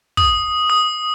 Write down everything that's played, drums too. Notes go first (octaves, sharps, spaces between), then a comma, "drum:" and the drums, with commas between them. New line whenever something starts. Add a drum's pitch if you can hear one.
D#6, drum: kick
D#6